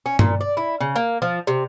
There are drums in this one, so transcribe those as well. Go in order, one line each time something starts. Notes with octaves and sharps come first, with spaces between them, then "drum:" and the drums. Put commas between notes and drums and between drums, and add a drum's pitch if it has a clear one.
C#4
A#2, drum: tom G2
D5
E4
C#3
A#3
F3
C3